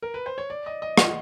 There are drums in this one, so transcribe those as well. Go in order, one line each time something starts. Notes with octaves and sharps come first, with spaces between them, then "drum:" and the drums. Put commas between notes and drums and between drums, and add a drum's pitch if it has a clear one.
A#4
B4
C5
C#5
D5
D#5
D#5
F#5, drum: rim click